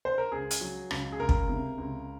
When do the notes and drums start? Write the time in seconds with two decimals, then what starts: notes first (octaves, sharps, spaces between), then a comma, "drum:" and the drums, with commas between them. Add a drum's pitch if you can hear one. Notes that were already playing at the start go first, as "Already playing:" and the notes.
0.05 C5
0.18 A#4
0.32 C#2 G#4
0.51 drum: hi-hat
0.61 F#3
0.91 C#2, drum: rim click
1.12 G#4
1.20 C#2 A#4
1.29 drum: kick
1.49 C3
1.78 C#2